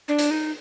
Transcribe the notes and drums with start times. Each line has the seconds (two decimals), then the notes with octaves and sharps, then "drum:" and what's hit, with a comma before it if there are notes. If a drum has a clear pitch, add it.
0.08 D4
0.19 drum: hi-hat
0.31 D#4